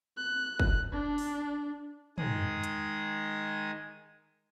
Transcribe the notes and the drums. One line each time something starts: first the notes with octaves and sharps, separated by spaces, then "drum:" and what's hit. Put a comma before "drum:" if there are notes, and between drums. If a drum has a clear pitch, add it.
F#6
drum: kick
D4
drum: open hi-hat
D#3 G#3 G#4 D#6, drum: tom
drum: hi-hat